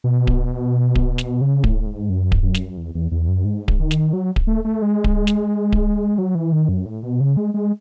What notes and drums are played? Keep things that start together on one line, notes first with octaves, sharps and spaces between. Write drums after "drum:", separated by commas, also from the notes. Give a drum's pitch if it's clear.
B2
drum: kick D1
drum: kick D1
drum: snare
C#3
A2, drum: kick D1
G#2
F#2
drum: kick D1
F#2
drum: snare
E2
E2
E2
F#2
G#2
drum: kick D1
D#3
drum: snare
F#3
drum: kick D1
A3
A3
G#3
drum: kick D1
drum: snare
drum: kick D1
F#3
E3
D#3
F#2
A2
B2
C#3
G#3
G#3